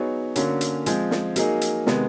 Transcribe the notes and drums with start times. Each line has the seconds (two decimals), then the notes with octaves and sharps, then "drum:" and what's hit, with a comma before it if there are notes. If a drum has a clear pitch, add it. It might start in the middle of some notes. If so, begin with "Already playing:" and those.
Already playing: F#3 B3 D#4 G#4 C#5
0.36 D3 F#3 A#3 C#4, drum: hi-hat
0.61 drum: hi-hat
0.86 F3 G#3 C4, drum: hi-hat
1.11 drum: snare
1.36 F#3 A#3 D#4 G#4, drum: hi-hat
1.61 drum: hi-hat
1.87 C3 D#3 G#3 B3, drum: snare